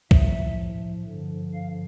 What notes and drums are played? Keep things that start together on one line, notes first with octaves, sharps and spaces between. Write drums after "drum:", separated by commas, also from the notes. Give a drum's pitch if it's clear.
A2 F3 E5, drum: kick
G2 D3 F3
F5